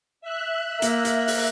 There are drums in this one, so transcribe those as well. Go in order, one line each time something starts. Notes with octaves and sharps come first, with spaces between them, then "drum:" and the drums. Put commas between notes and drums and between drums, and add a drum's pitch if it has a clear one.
E5 F#6
A#3, drum: hi-hat
drum: hi-hat
drum: open hi-hat